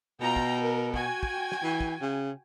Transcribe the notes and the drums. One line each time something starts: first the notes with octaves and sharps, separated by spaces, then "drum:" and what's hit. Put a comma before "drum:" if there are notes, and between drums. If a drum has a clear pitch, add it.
B2 F4 G5 A#5
drum: kick
A#4
F#4 G5 G#5, drum: kick
drum: kick
drum: snare
E3
drum: kick
C#3